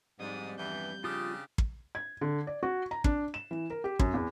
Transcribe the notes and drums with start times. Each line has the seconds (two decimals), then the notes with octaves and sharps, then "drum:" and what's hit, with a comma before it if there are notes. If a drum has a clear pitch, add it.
0.20 F2 G#2 G3 D5 D#6
0.58 E2 G2 E3 G6
1.04 C#3 D4 F4 G4 D#6
1.58 drum: kick
1.95 G#6
2.21 D3
2.47 D5
2.63 F#4
2.91 A#5
3.04 D4, drum: kick
3.34 E7
3.51 E3
3.70 A#4
3.84 G4
3.99 F#2, drum: kick
4.14 E2